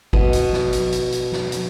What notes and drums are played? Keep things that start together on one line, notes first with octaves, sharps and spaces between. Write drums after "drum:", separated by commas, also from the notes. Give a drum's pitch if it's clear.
B2 D#5, drum: kick G1
drum: hi-hat
drum: snare
drum: hi-hat
drum: hi-hat
drum: hi-hat
drum: snare
drum: hi-hat